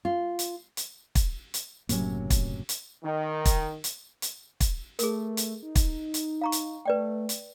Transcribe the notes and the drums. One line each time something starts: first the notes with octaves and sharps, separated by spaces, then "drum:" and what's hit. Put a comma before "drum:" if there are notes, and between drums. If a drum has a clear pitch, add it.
F4
drum: hi-hat
drum: hi-hat
drum: kick, hi-hat
drum: hi-hat
F#1 A2 C3 F#3 A#3 C#4, drum: hi-hat
drum: kick, hi-hat
drum: hi-hat
D#3
drum: kick, hi-hat
drum: hi-hat
drum: hi-hat
drum: kick, hi-hat
A3 G#4 A#4, drum: hi-hat
drum: hi-hat
D#4
drum: kick, hi-hat
drum: hi-hat
F5 A#5 C#6
drum: hi-hat
A3 B4 D5 G5
drum: hi-hat